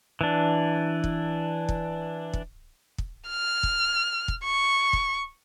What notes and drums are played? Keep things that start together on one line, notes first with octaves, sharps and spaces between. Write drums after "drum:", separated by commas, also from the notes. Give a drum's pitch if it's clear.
E3 D4
drum: kick
drum: kick
drum: kick
drum: kick
F6
drum: kick
drum: kick
C#6
drum: kick